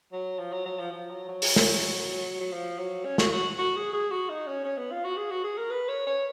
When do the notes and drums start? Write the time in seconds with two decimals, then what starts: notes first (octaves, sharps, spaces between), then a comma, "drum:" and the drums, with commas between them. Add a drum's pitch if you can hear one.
0.13 F#3
0.39 F3
0.53 F#3
0.66 F#3
0.79 F3
0.92 F3
1.10 F#3
1.28 F#3
1.42 drum: open hi-hat
1.56 drum: snare
2.40 F#3
2.52 F3
2.79 F#3
3.05 C#4
3.18 F#4, drum: snare
3.32 F#4
3.58 F#4
3.76 G#4
3.93 G#4
4.11 F#4
4.29 D#4
4.47 C#4
4.65 C#4
4.77 B3
4.91 F4
5.04 F#4
5.17 G#4
5.31 F#4
5.44 G#4
5.58 A#4
5.71 B4
5.89 C#5
6.07 C#5